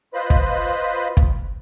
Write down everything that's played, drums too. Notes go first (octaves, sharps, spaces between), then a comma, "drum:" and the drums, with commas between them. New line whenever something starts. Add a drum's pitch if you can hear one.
F4 B4 C5 D#5 B5
drum: kick
drum: kick